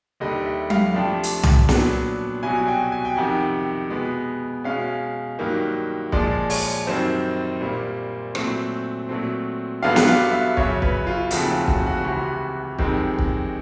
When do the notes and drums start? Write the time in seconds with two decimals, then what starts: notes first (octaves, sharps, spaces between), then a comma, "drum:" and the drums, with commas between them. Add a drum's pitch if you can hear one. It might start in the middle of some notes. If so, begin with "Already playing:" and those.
0.20 D#2 D3 G3 D#5
0.45 E5
0.70 F5, drum: tom F#3
0.94 C3 F3 A3 D4 G5
1.23 drum: hi-hat
1.43 drum: tom
1.69 A#2 F#3 B3 D4, drum: snare
2.43 C2 B2 F#3 G#5
2.68 G5
2.92 G#5
3.05 G5
3.17 F2 C3 D#3 F#5
3.31 G5
3.90 B2 G#3 B3
4.64 B2 G#3 C#4 F5
5.39 G2 D#3 F#3 A#3
6.12 A#2 F3 G#3 D5, drum: kick
6.50 C#5, drum: open hi-hat
6.87 F#2 D#3 G3 C4 C5
7.61 A#2 G3 A#3
8.35 A#2 F#3 A3 C4 C5, drum: rim click
9.09 A#2 F#3 A3 C4
9.82 G2 D3 F#3 B3 D4 F5
9.96 drum: snare
10.08 F5
10.32 E5
10.57 F#2 C#3 F#3 C#5, drum: kick
10.82 B4, drum: kick
11.07 F4
11.31 D#2 C#3 F3 A3 C4 F#4, drum: hi-hat
11.49 F4
11.68 F#4, drum: kick
11.86 F#4
12.05 C#2 C3 E3 F#4
12.79 F2 C3 D#3 G#3 C4, drum: kick
13.19 drum: kick